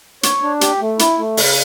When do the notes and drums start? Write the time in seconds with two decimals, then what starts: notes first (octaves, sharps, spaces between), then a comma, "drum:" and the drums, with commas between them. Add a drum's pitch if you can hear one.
0.23 C#5, drum: hi-hat
0.43 D4
0.61 G4, drum: hi-hat
0.81 A3
0.99 E4, drum: hi-hat
1.18 A3
1.37 C#3, drum: open hi-hat